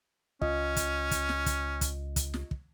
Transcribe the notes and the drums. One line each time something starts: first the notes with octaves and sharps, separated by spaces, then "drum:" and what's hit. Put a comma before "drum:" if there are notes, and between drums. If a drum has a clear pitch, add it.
C#2 C#4 F4 D#5, drum: kick
drum: kick, hi-hat
drum: kick, hi-hat
drum: snare
drum: kick, hi-hat
drum: kick, hi-hat
drum: kick, hi-hat
drum: snare
drum: kick